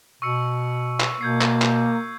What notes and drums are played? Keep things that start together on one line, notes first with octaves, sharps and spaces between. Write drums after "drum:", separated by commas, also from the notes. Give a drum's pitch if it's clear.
B2 C#6 E6 C#7
drum: clap
B2 A#3 G6 G#6 C7
drum: clap
drum: clap